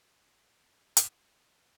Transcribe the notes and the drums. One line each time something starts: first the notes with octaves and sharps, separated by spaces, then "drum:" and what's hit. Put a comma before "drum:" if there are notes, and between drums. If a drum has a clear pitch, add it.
G#3 G#6
drum: hi-hat